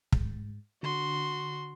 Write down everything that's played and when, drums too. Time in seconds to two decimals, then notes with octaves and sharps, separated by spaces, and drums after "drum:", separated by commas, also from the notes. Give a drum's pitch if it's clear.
0.12 G#2, drum: kick
0.83 D3 F#4 C6